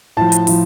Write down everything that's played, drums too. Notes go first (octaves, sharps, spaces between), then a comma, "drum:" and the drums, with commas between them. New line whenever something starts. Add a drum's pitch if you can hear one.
A2 F3 A5
drum: hi-hat
A2 F3, drum: open hi-hat